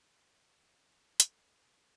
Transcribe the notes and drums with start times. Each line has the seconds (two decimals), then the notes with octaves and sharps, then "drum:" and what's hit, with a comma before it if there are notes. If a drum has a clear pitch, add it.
1.20 D3 D#3, drum: hi-hat